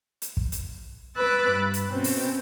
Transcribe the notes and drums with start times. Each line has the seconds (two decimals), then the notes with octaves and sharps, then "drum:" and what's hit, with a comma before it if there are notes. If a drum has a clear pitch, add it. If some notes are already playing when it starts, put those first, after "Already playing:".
0.22 drum: hi-hat
0.37 drum: kick
0.52 drum: hi-hat
1.17 B4 B5 D6 E6 F#6 A6
1.51 G2
1.74 drum: hi-hat
1.89 B2 C4 C#4
2.04 drum: open hi-hat